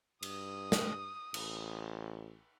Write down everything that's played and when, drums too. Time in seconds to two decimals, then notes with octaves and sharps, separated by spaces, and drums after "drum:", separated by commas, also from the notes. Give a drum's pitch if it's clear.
0.23 G2 D#6, drum: cymbal
0.72 drum: snare
1.34 A1, drum: cymbal